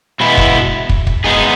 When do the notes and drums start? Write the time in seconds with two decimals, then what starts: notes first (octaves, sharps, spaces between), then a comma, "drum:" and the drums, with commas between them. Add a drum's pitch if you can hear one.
0.20 B2 G#3 B3 E4
0.37 drum: kick
0.89 drum: kick
1.07 drum: kick
1.24 G#3 B3 D#4 G#4